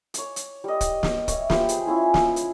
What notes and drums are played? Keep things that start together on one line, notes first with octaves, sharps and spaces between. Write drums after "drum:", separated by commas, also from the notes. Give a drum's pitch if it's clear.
C#5 D6, drum: hi-hat
drum: hi-hat
G3 D#5
drum: kick, hi-hat
drum: snare
C#5 E5 C#6, drum: kick, hi-hat
F4 G4 B4 C5, drum: snare
G#4, drum: hi-hat
C#4 E4 F4 G#4
drum: snare
drum: hi-hat